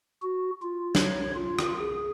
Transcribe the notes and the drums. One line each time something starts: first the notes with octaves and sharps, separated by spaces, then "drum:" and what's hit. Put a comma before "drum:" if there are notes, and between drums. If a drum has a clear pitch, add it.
F#4
F4
C#5, drum: snare
F4
drum: rim click
G#4